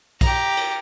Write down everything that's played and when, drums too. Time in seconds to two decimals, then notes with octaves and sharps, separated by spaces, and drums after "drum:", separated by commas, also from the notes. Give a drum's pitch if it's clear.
0.21 G4 A#5, drum: kick, cymbal
0.57 drum: cymbal